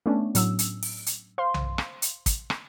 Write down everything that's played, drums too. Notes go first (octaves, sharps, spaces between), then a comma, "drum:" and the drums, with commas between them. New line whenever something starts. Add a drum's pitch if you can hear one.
A3 B3 C#4 D4
A2 F#3 E6, drum: hi-hat
drum: hi-hat
drum: open hi-hat
drum: hi-hat
C5 F5 C6
drum: tom B1
drum: rim click
drum: hi-hat
drum: kick, hi-hat
drum: rim click